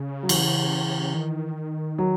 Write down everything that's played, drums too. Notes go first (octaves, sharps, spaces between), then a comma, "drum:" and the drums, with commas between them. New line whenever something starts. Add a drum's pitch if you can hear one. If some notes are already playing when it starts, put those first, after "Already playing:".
Already playing: C#3
F#3
E3, drum: cymbal
D#3
F#3